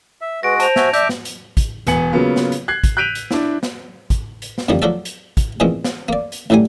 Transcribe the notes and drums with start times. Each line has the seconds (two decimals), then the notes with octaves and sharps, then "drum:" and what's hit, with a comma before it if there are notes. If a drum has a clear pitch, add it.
0.21 E5
0.43 G#3 F#4 B4 A#6 D7
0.60 C5 A5 F7, drum: hi-hat
0.76 F#4 E5 G#5, drum: snare
0.93 D5 E5 D6 G6, drum: hi-hat
1.09 drum: snare
1.25 drum: hi-hat
1.57 drum: kick, hi-hat
1.87 E1 B3 G#5 C#7 F#7, drum: hi-hat
2.12 C#3 F#3 A#3 B3 F4
2.36 drum: snare
2.52 drum: hi-hat
2.68 F#6 G#6 C7
2.84 drum: kick, hi-hat
2.97 F#6 G6 B6 D7 D#7 F7
3.15 drum: hi-hat
3.31 D4 E4, drum: snare
3.63 drum: snare
4.10 drum: kick, hi-hat
4.42 drum: hi-hat
4.58 drum: snare
4.69 F2 D3 D#3 F3 G3
4.82 F3 F#3 F4 F#4 A4 D5
5.05 drum: hi-hat
5.37 drum: kick, hi-hat
5.60 A#2 E3 F3 G#3 C4 C#4
5.84 drum: snare
6.09 A#3 D5
6.32 drum: hi-hat
6.50 A1 A2 F#3 G3 G#5